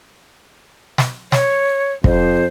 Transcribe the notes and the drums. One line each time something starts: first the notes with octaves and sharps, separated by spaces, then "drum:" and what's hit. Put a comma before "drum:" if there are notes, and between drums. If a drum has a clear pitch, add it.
drum: snare
C#5, drum: snare
F2 C5, drum: kick